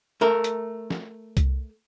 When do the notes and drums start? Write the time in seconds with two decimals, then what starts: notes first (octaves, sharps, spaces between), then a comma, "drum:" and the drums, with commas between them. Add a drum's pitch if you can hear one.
0.21 A3 A#4
0.44 drum: hi-hat
0.90 drum: snare
1.37 drum: kick C2, hi-hat